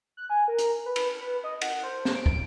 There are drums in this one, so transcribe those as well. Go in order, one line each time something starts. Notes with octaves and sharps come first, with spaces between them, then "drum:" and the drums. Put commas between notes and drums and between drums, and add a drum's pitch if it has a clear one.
F#6
G#5
A#4
drum: hi-hat
B4
drum: cymbal
B4
D#5
F#5, drum: cymbal
C5
drum: snare C4
D7
drum: kick